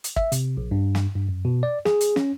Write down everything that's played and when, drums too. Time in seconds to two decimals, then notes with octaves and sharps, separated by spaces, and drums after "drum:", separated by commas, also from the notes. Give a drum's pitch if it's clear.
0.04 drum: hi-hat
0.16 E5, drum: kick
0.32 C3, drum: hi-hat
0.57 A#1
0.71 G2
0.95 drum: snare
1.15 G2
1.29 F#2
1.45 B2
1.63 D5
1.85 G#4, drum: snare
2.01 drum: hi-hat
2.16 C#4, drum: snare